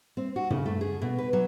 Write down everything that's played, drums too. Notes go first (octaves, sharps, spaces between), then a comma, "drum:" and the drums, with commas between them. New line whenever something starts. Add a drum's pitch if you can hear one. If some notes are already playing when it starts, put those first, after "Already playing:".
C4
F#4
C#3, drum: tom
A3
G#4
B2
B4
F#3